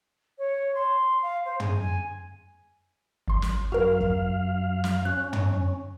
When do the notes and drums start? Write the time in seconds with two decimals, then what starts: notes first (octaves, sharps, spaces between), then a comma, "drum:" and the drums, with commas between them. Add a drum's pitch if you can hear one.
0.38 C#5
0.75 C6
1.22 F5
1.46 C5
1.60 G#4, drum: tom
1.80 G#5
3.28 G#1 C6
3.42 drum: snare
3.72 F#2 F#4 A#4 F5
4.00 drum: kick
4.84 drum: snare
5.05 C#4 F#6
5.33 drum: tom